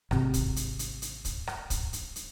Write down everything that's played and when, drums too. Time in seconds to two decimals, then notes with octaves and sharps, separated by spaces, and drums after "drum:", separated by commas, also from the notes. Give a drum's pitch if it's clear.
0.11 G#1 C3, drum: rim click
0.34 drum: kick, hi-hat
0.56 drum: hi-hat
0.79 drum: hi-hat
1.02 drum: hi-hat
1.25 drum: kick, hi-hat
1.47 drum: rim click
1.70 drum: kick, hi-hat
1.93 drum: hi-hat
2.16 drum: hi-hat